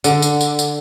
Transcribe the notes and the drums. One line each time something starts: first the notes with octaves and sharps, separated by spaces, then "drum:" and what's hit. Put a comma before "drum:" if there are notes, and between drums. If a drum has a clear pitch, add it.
D3, drum: tambourine
drum: tambourine
drum: tambourine
drum: tambourine